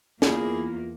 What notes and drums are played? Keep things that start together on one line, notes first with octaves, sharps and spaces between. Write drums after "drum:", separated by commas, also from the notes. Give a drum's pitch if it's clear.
E2 A#3 E4 F4 G#4, drum: snare